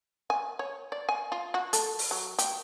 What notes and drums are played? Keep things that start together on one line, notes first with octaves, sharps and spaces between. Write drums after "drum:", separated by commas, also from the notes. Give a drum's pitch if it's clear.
G#5
C#5
D5
G#5
F4
F#4
A4, drum: hi-hat
drum: open hi-hat
F#3
G4, drum: hi-hat